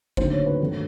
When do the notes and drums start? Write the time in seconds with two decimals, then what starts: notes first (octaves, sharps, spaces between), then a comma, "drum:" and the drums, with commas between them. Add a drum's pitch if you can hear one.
0.17 D2 C#3 F#3 A#3 D#4 C5, drum: kick
0.32 C#5
0.46 B4
0.60 G2 D#3 F#3 A3